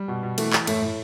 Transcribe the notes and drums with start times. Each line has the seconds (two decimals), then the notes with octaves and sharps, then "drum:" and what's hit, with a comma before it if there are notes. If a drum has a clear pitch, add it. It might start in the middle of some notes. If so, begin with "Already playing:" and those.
Already playing: G3
0.08 B2
0.23 B2
0.38 E3 A3, drum: cymbal
0.53 E3, drum: clap
0.67 A2 A3, drum: cymbal
0.82 A2